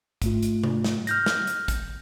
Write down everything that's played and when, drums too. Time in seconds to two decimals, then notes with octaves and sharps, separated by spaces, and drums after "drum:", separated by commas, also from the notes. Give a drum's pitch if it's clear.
0.22 G#2 A3 F4, drum: kick, hi-hat
0.43 drum: hi-hat
0.63 drum: tom C3
0.84 drum: snare
1.07 F6 G6 A#6, drum: hi-hat
1.26 drum: snare
1.47 drum: hi-hat
1.68 drum: kick, hi-hat